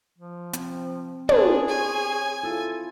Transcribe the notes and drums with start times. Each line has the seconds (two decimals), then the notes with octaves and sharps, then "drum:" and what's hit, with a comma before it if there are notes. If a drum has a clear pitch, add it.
0.18 F3
0.53 C4, drum: hi-hat
1.29 B3 D4 G#4 C5, drum: tom
1.68 C#5 G#5
2.43 E4 F4 A4